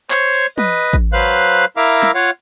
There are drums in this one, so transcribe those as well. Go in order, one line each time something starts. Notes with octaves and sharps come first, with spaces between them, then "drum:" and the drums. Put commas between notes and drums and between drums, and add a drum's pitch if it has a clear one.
C5 C#5 C#6, drum: clap
drum: open hi-hat
B4 D#5, drum: tom
drum: kick A1
F#3 B4 C5 F5 F#6
E4 A#4 E5 F5 A#5 D6
drum: snare
F4 C#5 F5 F#5